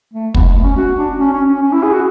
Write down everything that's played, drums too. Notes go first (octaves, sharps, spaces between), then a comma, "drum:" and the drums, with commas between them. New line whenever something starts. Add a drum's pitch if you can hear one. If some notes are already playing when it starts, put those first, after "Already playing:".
A3
B3, drum: kick
G#3
A3
C#4
F#4
D4
C#4
C#4
C#4
C#4
E4
G#4
F#4